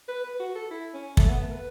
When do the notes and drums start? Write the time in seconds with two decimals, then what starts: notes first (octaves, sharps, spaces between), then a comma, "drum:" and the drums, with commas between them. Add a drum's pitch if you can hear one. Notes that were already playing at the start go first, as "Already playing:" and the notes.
0.08 B4
0.24 B4
0.40 F#4
0.55 A4
0.71 E4
0.94 C#4
1.17 A3, drum: kick
1.29 B3
1.41 A3
1.52 B4